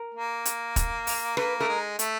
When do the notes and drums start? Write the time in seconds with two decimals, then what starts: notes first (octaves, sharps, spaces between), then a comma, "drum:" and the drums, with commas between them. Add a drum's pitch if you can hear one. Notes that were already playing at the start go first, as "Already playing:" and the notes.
Already playing: A#4
0.15 A#3
0.45 drum: hi-hat
0.76 drum: kick, hi-hat
1.07 drum: open hi-hat
1.37 A#3 B4, drum: rim click
1.60 A3 A#4
1.68 G#3
1.99 A3, drum: hi-hat